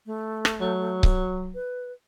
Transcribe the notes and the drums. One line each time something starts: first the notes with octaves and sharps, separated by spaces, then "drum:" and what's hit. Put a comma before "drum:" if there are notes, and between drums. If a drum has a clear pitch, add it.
A3
drum: rim click
F#3
drum: kick C#1
B4